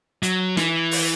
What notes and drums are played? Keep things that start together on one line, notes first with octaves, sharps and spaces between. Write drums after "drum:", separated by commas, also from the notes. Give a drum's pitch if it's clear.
F#3, drum: hi-hat
E3, drum: snare
drum: open hi-hat